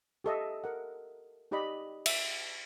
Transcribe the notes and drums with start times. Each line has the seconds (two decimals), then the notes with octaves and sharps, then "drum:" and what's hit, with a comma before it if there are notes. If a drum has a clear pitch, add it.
0.24 G4 A4 D#5 E5
0.64 A#4 F#5
1.51 D#4 G4 D5 D#5 B5
2.06 E5, drum: cymbal